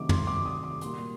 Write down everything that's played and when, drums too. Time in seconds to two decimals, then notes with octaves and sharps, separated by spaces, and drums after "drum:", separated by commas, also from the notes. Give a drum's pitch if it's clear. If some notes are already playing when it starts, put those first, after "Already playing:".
Already playing: C3 D#3 F#3 A3 D6
0.09 C6, drum: tom
0.27 D6
0.45 D#6
0.63 D6
0.81 A#2 G3 A#3 C6, drum: hi-hat